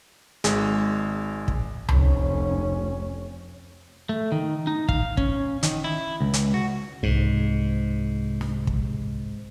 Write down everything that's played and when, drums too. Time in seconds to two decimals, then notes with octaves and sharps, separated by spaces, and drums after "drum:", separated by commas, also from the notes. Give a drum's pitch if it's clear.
0.44 G#1 G#3, drum: hi-hat
1.48 drum: kick
1.88 F1 C#4, drum: tom C#2
4.09 A3
4.32 D#3
4.67 D#4
4.89 F5, drum: kick
5.17 C#4, drum: kick
5.63 D#3, drum: hi-hat
5.84 E4
6.21 C#2
6.34 drum: hi-hat
6.54 F#4
7.03 C2 G#2 C3
8.41 drum: snare
8.67 drum: kick